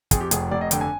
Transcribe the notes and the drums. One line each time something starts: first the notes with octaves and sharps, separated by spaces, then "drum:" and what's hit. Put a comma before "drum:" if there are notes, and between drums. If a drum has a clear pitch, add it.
F2 G#4, drum: kick, hi-hat
G4
F1 G#4, drum: hi-hat
F1 D5
D#5
D3 G5, drum: hi-hat
G#5